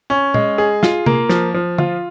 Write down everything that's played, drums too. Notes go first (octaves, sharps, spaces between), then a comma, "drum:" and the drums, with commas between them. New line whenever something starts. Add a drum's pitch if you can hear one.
C#4
G#3, drum: tom A#2
G#4
F4, drum: snare
A#3, drum: tom C3
F3, drum: snare
F3
F4, drum: tom